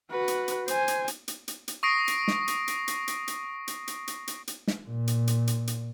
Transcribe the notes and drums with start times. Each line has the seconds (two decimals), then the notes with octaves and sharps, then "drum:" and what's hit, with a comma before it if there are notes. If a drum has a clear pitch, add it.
0.11 F#4 B4
0.28 drum: hi-hat
0.48 drum: hi-hat
0.68 C5 G#5, drum: hi-hat
0.88 drum: hi-hat
1.08 drum: hi-hat
1.28 drum: hi-hat
1.48 drum: hi-hat
1.68 drum: hi-hat
1.83 C#6 D#6 A#6 C7 D7
2.08 drum: hi-hat
2.28 drum: snare
2.48 drum: hi-hat
2.68 drum: hi-hat
2.88 drum: hi-hat
3.08 drum: hi-hat
3.28 drum: hi-hat
3.68 drum: hi-hat
3.88 drum: hi-hat
4.08 drum: hi-hat
4.28 drum: hi-hat
4.48 drum: hi-hat
4.67 drum: snare
4.88 A#2
5.07 drum: hi-hat
5.27 drum: hi-hat
5.47 drum: hi-hat
5.67 drum: hi-hat